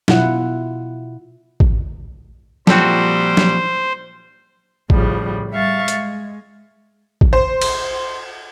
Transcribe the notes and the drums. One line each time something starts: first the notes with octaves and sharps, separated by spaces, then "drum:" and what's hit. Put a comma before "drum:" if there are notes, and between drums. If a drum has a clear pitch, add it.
B2 E4 F4 F#5, drum: snare F#3
drum: kick A1
A#2 F3 G3 C4 F#4 A4 C5 G5, drum: snare F#3
drum: snare F#3
A2 C#3 F3 G3, drum: kick A1
G3 E5 F5 C#6 A6
G#3, drum: hi-hat
drum: kick A1
C5
drum: cymbal